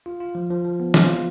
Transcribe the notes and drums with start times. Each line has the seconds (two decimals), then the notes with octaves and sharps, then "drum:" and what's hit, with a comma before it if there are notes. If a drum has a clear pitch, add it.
0.06 F4
0.20 F4
0.35 F3
0.51 F3
0.65 F3
0.80 B3
0.94 F4, drum: snare
1.09 F4